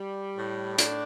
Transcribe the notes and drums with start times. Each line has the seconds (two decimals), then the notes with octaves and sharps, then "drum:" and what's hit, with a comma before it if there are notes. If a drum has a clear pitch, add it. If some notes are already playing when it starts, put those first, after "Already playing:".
Already playing: G3
0.36 A2
0.78 D4, drum: hi-hat